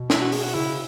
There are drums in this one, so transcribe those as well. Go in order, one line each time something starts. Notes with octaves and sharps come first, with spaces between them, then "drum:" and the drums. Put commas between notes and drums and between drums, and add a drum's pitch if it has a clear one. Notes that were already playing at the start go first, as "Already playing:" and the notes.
Already playing: B2
E4, drum: snare
F#4
G#4, drum: open hi-hat
F#4
C#3 E4